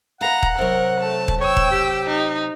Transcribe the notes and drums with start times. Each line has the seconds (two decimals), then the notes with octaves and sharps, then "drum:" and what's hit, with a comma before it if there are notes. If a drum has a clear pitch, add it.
0.21 B4 F5 F#5 A#5
0.43 drum: kick D#1
0.58 C3 F#3 A#4
1.00 A3 A5
1.28 drum: kick D#1
1.40 C#5 G5 E6
1.57 drum: kick D#1
1.71 G4
2.05 D#4